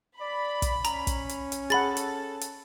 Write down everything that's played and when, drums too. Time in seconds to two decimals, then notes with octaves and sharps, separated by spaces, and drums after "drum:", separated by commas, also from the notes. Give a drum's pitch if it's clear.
0.21 D5 B5
0.62 drum: kick, hi-hat
0.85 C#4 A#5, drum: hi-hat
1.07 drum: kick, hi-hat
1.29 drum: hi-hat
1.52 drum: hi-hat
1.70 G#4 A4 F#5 B5 A6
1.97 drum: hi-hat
2.41 drum: hi-hat